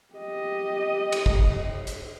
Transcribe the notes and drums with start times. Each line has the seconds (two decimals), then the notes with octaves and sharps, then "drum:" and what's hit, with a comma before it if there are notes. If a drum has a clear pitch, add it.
0.15 G4 D#5
1.12 drum: cymbal
1.26 drum: kick
1.87 drum: hi-hat